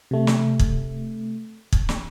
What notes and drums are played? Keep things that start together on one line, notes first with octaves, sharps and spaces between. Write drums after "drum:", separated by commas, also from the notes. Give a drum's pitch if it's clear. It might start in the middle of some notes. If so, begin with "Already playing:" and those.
C3 A3
drum: snare
drum: kick
drum: kick
drum: snare